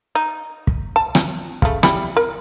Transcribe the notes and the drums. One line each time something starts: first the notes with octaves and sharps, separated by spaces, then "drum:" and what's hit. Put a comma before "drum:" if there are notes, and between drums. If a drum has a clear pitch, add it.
D#4
drum: kick
A5
drum: rim click
C#3 A3, drum: kick
G3 E4 B5, drum: rim click
A#4